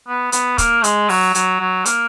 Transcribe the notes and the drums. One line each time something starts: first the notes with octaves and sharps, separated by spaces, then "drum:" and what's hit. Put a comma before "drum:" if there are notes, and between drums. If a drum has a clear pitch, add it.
B3
B3, drum: hi-hat
A#3, drum: kick, hi-hat
G#3, drum: hi-hat
F#3, drum: open hi-hat
F#3, drum: hi-hat
F#3
A#3, drum: hi-hat